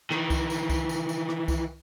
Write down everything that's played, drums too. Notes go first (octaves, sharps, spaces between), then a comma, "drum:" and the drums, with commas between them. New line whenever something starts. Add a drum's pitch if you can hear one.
D#3 E3, drum: rim click
drum: kick C2, tambourine
drum: tambourine
drum: kick C2, tambourine
drum: tambourine
drum: tambourine
drum: rim click
drum: kick C2, tambourine